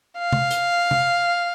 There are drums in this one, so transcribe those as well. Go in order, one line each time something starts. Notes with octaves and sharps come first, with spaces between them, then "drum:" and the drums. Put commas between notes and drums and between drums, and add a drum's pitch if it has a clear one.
F5
drum: tom C3
drum: hi-hat
drum: tom C3